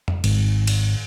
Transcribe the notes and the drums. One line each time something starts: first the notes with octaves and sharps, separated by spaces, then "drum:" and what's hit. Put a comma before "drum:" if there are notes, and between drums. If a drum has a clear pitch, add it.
drum: tom F2
G#1, drum: cymbal
drum: cymbal